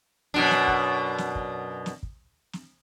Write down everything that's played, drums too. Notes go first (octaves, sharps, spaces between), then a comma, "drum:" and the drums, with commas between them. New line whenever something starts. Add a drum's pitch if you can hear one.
F#2 B2 D4
drum: snare
drum: kick
drum: snare
drum: kick
drum: snare
drum: kick
drum: snare